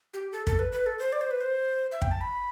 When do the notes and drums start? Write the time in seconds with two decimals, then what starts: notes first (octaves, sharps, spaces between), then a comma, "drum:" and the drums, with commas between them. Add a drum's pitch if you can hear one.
0.14 G4
0.32 A4
0.47 A4, drum: kick
0.59 B4
0.72 B4
0.86 A4
0.99 C5
1.12 D5
1.21 C5
1.31 B4
1.41 C5
1.92 E5
2.02 G5, drum: kick
2.11 A5
2.21 B5